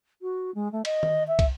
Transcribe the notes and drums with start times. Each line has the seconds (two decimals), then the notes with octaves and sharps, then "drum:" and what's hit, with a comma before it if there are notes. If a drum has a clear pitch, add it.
0.21 F#4
0.54 G#3
0.72 A3
0.85 D#5, drum: cymbal
1.03 drum: tom D#3
1.27 E5
1.39 drum: kick, cymbal